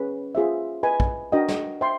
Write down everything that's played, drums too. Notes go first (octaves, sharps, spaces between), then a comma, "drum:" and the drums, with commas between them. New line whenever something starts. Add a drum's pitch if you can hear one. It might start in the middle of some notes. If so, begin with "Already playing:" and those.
Already playing: C#4 G#4 B4
F4 G#4 C5 E5
B4 D#5 G#5 B5
drum: kick
D4 F#4 A#4 D#5 G5
drum: snare
C5 E5 G5 C6